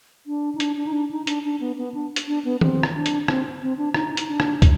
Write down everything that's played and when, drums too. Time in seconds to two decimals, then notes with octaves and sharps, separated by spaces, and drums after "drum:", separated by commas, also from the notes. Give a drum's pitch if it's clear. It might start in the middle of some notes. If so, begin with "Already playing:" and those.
0.26 D4
0.55 D#4
0.60 D4, drum: hi-hat
0.77 D4
0.87 D#4
0.93 D4
1.11 D#4
1.27 D4, drum: hi-hat
1.44 D4
1.60 B3
1.78 B3
1.94 D4
2.16 drum: hi-hat
2.27 D4
2.45 B3
2.61 C4, drum: tom D#3
2.83 drum: rim click
2.95 D4
3.06 drum: hi-hat
3.28 C4, drum: rim click
3.62 C4
3.78 D4
3.94 D#4, drum: rim click
4.17 drum: hi-hat
4.28 D4
4.40 drum: rim click
4.62 drum: kick, hi-hat